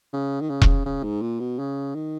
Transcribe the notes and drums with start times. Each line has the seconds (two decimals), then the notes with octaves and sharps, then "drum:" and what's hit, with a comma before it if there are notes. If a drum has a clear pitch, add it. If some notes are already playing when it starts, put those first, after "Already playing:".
0.13 C#3
0.41 D#3
0.50 C#3
0.62 drum: kick E1
0.86 C#3
1.03 G#2
1.22 A#2
1.40 B2
1.59 C#3
1.95 D#3